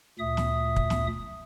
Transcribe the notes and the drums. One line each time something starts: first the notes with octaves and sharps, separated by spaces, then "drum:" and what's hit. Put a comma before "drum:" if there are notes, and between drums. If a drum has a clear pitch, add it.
D2 A#2 E5 D#6
drum: snare
drum: kick
drum: snare